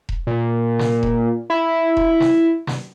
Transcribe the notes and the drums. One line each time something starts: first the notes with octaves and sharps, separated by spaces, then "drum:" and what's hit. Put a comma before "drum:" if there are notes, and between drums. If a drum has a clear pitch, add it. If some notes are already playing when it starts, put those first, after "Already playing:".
drum: kick E1
A#2
drum: snare
drum: kick E1
E4
drum: kick E1
drum: snare
drum: snare